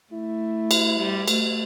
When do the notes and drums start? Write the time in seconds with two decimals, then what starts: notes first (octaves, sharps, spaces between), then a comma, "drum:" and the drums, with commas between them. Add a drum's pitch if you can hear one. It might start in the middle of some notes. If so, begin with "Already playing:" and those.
0.13 A3 E4
0.71 drum: cymbal
0.99 G3
1.28 A3, drum: cymbal